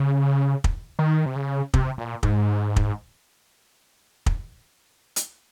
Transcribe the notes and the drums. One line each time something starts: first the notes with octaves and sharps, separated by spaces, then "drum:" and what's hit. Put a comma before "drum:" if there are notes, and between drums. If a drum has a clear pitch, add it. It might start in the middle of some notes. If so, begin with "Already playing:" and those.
Already playing: C#3
drum: kick
D#3
C3
C#3
C3, drum: kick
A#2
G#2, drum: kick
drum: kick
drum: kick
drum: hi-hat